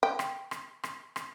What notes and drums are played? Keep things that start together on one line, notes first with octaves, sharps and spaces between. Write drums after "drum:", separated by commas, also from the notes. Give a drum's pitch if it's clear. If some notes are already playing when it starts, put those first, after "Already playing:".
G5
drum: rim click
drum: rim click
drum: rim click
drum: rim click